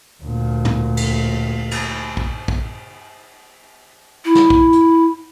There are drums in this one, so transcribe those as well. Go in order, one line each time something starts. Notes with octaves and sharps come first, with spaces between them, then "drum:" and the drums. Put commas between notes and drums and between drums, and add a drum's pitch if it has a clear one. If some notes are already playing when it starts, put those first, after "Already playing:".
D2 A#2
drum: tom
drum: cymbal
drum: cymbal
drum: kick
drum: kick
E4
drum: snare
drum: kick
drum: hi-hat